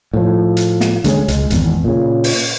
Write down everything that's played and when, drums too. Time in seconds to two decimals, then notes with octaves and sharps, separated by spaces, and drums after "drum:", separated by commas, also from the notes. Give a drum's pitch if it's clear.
0.14 A2 F3
0.57 drum: hi-hat
0.80 drum: snare
1.04 D3 G#3 A3 C#4, drum: hi-hat
1.28 C#2 G#3, drum: hi-hat
1.50 G#1 E2, drum: hi-hat
1.84 A#2 C#3
2.24 drum: open hi-hat